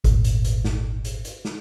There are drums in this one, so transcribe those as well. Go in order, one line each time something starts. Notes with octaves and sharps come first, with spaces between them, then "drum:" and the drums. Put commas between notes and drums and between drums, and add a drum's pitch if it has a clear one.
D#1 G#1, drum: kick, hi-hat
drum: hi-hat
drum: hi-hat
drum: snare
drum: hi-hat
drum: hi-hat
drum: snare